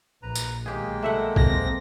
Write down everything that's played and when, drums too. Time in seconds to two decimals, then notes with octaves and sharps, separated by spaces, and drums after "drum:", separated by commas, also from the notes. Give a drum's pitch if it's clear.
0.23 A#1 B4 A#5
0.35 drum: tambourine
0.66 B1 D#3 G#3 A#3 G4 G#4 G5
1.03 A3 E5 F#5
1.36 B1 C4 A#6, drum: kick